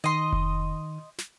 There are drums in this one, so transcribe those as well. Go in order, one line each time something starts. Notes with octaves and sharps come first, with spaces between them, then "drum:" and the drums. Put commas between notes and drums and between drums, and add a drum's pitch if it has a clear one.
D#3 D#5 C6
drum: kick F1
drum: snare